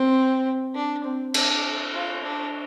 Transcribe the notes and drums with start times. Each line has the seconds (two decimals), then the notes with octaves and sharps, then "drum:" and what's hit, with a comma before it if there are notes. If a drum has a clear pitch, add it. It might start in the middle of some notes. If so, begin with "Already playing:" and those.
Already playing: C4
0.75 D4
1.04 C4
1.34 D4, drum: cymbal
1.94 F4
2.23 D4